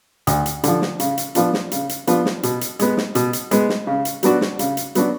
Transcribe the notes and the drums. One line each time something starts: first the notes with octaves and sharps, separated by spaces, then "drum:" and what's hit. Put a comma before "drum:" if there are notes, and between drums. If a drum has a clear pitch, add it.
D2, drum: hi-hat
drum: hi-hat
D3 F3, drum: hi-hat
drum: snare
C#3, drum: hi-hat
drum: hi-hat
F3 B3 D4 F4, drum: hi-hat
drum: snare
C#3, drum: hi-hat
drum: hi-hat
F3 B3 D4 F4, drum: hi-hat
drum: snare
B2, drum: hi-hat
drum: hi-hat
G#3 B3, drum: hi-hat
drum: snare
B2, drum: hi-hat
drum: hi-hat
G#3 B3, drum: hi-hat
drum: snare
C#3
drum: hi-hat
F#3 B3 D4 F#4, drum: hi-hat
drum: snare
C#3, drum: hi-hat
drum: hi-hat
F#3 B3 D4 F#4, drum: hi-hat